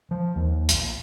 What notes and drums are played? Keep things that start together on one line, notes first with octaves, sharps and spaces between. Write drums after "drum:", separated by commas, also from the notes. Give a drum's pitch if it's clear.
F3
D#2
A#1, drum: hi-hat